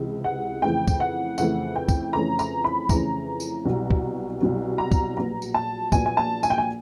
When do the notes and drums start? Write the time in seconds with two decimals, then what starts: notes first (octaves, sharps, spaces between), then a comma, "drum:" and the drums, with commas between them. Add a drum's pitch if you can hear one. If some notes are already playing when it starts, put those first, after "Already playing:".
Already playing: C#2 C3 E3
0.24 F#5
0.62 F2 C#3 E3 A3 G5
0.87 drum: kick C#2, tambourine
1.00 F#5
1.38 F2 C#3 E3 A3 F#5, drum: tambourine
1.76 G5
1.88 drum: kick C#2, tambourine
2.13 F2 C#3 E3 A3 C#4 A#5
2.39 A#5, drum: tambourine
2.64 B5
2.89 F2 C#3 E3 A3 C#4 A#5, drum: kick C#2, tambourine
3.40 drum: tambourine
3.65 C2 B2 F#3
3.90 drum: kick C#2
4.41 C2 B2 F#3
4.78 A#5
4.91 drum: kick C#2, tambourine
5.17 A#1 A#2 F#3 B3 A#5
5.42 drum: tambourine
5.54 A5
5.92 A#1 A#2 F#3 B3 G#5, drum: kick C#2, tambourine
6.06 G#5
6.17 A5
6.43 G#5, drum: tambourine
6.50 G5
6.58 G#5